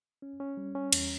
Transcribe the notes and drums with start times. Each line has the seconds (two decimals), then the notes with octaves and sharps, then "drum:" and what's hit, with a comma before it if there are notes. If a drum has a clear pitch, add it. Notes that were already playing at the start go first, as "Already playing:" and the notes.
0.22 C#4
0.40 C#4
0.57 G3
0.75 C#4
0.93 E2, drum: cymbal